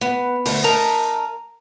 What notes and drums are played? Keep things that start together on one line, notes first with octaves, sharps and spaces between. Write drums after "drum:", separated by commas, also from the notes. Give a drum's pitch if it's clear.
B3
D2, drum: open hi-hat
A#4 D#5 A5 A#5